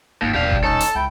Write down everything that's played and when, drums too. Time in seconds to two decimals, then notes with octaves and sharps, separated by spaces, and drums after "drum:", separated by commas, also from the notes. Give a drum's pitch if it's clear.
0.22 G#1 D#2 F4
0.34 D#1 B2 D4 G4 F5
0.51 drum: kick G1
0.63 C#4 D#4 A4
0.81 drum: hi-hat
0.95 C#2 E4 G5